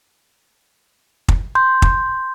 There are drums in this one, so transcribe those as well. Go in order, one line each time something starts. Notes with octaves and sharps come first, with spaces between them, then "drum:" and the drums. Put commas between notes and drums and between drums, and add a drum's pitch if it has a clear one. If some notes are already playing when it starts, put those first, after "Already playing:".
drum: kick
C6 G6
drum: kick